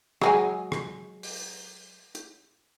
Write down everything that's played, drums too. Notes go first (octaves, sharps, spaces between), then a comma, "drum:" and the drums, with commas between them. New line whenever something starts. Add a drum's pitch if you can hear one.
F#3 G#3 G#5, drum: rim click
drum: rim click
drum: open hi-hat
drum: hi-hat